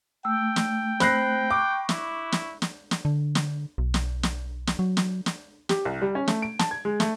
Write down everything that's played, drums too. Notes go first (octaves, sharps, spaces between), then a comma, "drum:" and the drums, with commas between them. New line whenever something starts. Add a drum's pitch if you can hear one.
A3 G5 E6
drum: snare
C4 B5 F#6 A#6 C7, drum: snare
C#6 D6
E4, drum: snare
drum: snare
drum: snare
drum: snare
D3
drum: snare
B1
drum: snare
drum: snare
drum: snare
F#3
drum: snare
drum: snare
G4, drum: snare
C2
G3
C#4
A3, drum: snare
D7
A5, drum: snare
G#6
G#3
A3, drum: snare